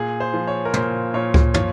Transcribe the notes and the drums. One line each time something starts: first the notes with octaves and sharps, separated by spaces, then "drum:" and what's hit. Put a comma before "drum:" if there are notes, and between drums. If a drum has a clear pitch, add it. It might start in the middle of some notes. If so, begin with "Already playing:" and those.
Already playing: A#2 G#4
C5
F3
C#5
A#4
A#2 C5, drum: tom
A#2 C#5
drum: kick C#2
F3 C#5, drum: tom